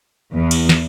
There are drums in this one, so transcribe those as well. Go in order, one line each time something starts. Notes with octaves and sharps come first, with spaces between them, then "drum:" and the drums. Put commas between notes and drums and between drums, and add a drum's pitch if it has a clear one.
E2
drum: cymbal
drum: snare